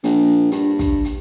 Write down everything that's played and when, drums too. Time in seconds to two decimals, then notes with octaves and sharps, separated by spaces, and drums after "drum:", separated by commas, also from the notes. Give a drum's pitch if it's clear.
0.04 A#1, drum: hi-hat
0.51 G2, drum: hi-hat
0.79 drum: kick, hi-hat
1.04 drum: hi-hat